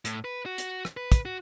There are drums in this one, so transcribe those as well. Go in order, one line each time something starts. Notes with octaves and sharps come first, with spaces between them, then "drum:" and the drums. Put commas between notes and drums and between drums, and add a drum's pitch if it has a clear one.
A2, drum: hi-hat
B4
F#4
drum: hi-hat
drum: rim click
B4
drum: kick, hi-hat
F#4